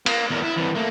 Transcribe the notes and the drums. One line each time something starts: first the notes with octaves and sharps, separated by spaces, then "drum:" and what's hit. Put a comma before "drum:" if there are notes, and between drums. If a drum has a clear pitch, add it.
A#3, drum: cymbal
E2 A#4
E4
C2 E3
A3 A#3